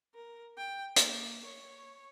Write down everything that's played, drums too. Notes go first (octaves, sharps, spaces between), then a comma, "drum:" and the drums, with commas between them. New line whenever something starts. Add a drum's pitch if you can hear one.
A#4
G5
A#3, drum: hi-hat
C#5